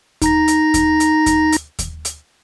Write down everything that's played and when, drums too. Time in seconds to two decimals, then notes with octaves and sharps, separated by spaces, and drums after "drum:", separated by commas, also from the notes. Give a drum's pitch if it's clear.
0.22 D#4 A#5 A#6, drum: kick D#2, hi-hat
0.48 drum: hi-hat
0.74 drum: kick D#2, hi-hat
1.00 drum: hi-hat
1.26 drum: kick D#2, hi-hat
1.53 drum: hi-hat
1.79 drum: kick D#2, hi-hat
2.05 drum: hi-hat